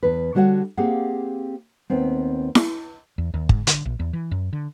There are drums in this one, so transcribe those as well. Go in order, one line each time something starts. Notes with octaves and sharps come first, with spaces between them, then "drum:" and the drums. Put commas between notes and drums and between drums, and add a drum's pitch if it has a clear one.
E2 B4
D3 G3 F#4 C#5 F#5
A#3 C4 G4 G#4 F5 F#5
D#2 B3 C4
drum: snare E4
E2
D#2
G#2, drum: kick
D3, drum: hi-hat
A#1
E2
E3
F#2
D3